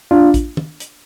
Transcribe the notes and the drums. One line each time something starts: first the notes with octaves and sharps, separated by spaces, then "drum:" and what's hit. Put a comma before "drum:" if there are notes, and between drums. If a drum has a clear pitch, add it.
D4 F4
drum: kick, hi-hat
drum: tom
drum: hi-hat